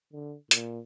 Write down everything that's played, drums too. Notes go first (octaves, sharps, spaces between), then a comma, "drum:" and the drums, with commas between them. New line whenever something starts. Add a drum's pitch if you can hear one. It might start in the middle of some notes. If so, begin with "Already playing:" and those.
D3
A#2, drum: hi-hat